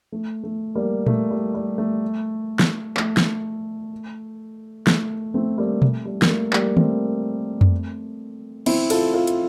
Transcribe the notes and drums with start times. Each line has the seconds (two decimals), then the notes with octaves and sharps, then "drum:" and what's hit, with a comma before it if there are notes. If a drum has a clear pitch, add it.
0.12 A3
0.43 A3
0.75 G3 A#3
1.07 A3, drum: tom A#2
1.31 G3
1.54 G3
1.78 A3
2.59 drum: snare
2.97 A3, drum: clap
3.17 drum: snare
4.87 A3, drum: snare
5.34 A3 C4
5.58 G3 A#3
5.82 A3, drum: tom B2
6.05 G3
6.22 A#3, drum: snare
6.30 A3
6.53 G3 A#3, drum: clap
6.77 A3 C4, drum: tom D#3
7.61 drum: tom F2
8.66 C4 E4, drum: cymbal
8.90 F4 A4, drum: cymbal
9.14 F4 A4
9.27 drum: hi-hat